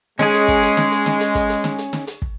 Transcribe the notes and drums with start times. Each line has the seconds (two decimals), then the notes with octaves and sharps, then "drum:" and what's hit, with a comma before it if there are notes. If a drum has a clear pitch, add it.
0.19 G#3 C#4 G#4, drum: snare
0.34 drum: hi-hat
0.48 drum: kick, hi-hat
0.63 drum: hi-hat
0.77 drum: snare
0.92 drum: hi-hat
1.06 drum: snare
1.21 drum: hi-hat
1.35 drum: kick, hi-hat
1.49 drum: hi-hat
1.64 drum: snare
1.78 drum: hi-hat
1.93 drum: snare
2.07 drum: hi-hat
2.22 drum: kick